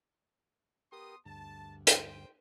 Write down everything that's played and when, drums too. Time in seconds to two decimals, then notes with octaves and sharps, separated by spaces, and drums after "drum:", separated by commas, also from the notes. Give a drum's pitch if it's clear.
0.92 B3 G4 A#4 C6 D#6
1.26 D2 G2 A5
1.87 C5 G5, drum: hi-hat